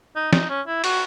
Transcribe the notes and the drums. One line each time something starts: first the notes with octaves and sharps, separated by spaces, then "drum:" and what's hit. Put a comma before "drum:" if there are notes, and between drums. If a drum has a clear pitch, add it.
D#4
D#4, drum: snare
C#4
E4
F#4, drum: cymbal